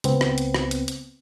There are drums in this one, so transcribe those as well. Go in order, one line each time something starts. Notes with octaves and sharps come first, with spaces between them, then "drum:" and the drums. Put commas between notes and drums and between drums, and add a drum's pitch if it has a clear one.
C#2 B3 C4, drum: hi-hat
drum: rim click
drum: hi-hat
drum: rim click
drum: hi-hat
drum: hi-hat